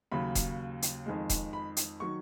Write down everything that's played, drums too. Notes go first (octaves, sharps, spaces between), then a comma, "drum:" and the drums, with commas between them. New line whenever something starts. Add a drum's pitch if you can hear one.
D#2 C#3 F#3 B5
drum: kick E1, hi-hat
drum: hi-hat
F2 D#3 G#3
drum: kick E1, hi-hat
B5
drum: hi-hat
D#3 F#3 C#6